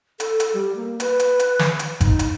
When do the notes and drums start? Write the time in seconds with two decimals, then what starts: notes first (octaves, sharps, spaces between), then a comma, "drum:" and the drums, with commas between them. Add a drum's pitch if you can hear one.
0.20 A4, drum: hi-hat
0.40 drum: hi-hat
0.54 G3
0.76 A#3
1.00 B4, drum: hi-hat
1.20 drum: hi-hat
1.39 drum: hi-hat
1.59 drum: snare
1.79 drum: hi-hat
2.01 D#4, drum: kick G#1, hi-hat
2.19 drum: hi-hat